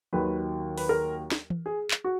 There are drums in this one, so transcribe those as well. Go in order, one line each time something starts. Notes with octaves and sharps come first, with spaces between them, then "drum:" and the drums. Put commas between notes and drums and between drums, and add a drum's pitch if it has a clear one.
D#2 D#3 F#3 B4
B4, drum: open hi-hat
A#4
drum: snare
drum: tom E3
G#4
drum: clap
F#4